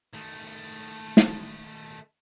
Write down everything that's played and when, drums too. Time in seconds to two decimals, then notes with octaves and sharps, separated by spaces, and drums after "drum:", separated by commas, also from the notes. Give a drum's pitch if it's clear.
0.13 D#3 A3
1.17 drum: snare